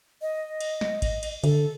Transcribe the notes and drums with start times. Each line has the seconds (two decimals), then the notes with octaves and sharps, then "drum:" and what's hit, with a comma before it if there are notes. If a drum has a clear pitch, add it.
0.22 D#5
0.61 drum: cymbal
0.81 drum: snare
1.02 drum: kick G#1, cymbal
1.23 drum: cymbal
1.44 D3 A4, drum: cymbal